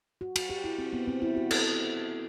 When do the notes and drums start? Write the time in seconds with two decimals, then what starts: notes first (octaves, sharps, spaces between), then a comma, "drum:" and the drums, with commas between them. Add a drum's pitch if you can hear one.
0.21 F#4
0.36 F#4, drum: cymbal
0.50 G4
0.64 E4
0.79 C4
0.93 B3
1.07 C4
1.22 E4
1.36 F#4
1.51 A4, drum: cymbal